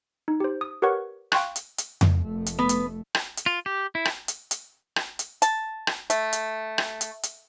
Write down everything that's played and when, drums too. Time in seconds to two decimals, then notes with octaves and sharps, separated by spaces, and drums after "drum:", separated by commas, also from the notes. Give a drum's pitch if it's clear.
0.28 D#4
0.40 G4 C5
0.61 D#6
0.82 G4 A#4 B4 C#5 F#5 C#6
1.32 F5 G5 C6 C#6 F#6, drum: rim click
1.56 drum: hi-hat
1.78 drum: hi-hat
2.01 drum: tom F2
2.20 F1 A3
2.46 drum: hi-hat
2.59 B3 B4
2.69 drum: hi-hat
3.15 drum: rim click
3.37 drum: hi-hat
3.46 F4
3.66 G4
3.95 E4
4.05 drum: rim click
4.28 drum: hi-hat
4.51 drum: hi-hat
4.96 drum: rim click
5.19 drum: hi-hat
5.42 A5, drum: hi-hat
5.87 drum: rim click
6.10 A3, drum: hi-hat
6.33 drum: hi-hat
6.78 drum: rim click
7.01 drum: hi-hat
7.23 drum: hi-hat